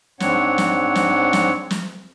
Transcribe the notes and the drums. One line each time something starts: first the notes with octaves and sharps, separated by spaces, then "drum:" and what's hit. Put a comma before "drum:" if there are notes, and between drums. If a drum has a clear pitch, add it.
G#2 C4 D4 C#5 F#5, drum: snare
drum: snare
drum: snare
drum: snare
drum: snare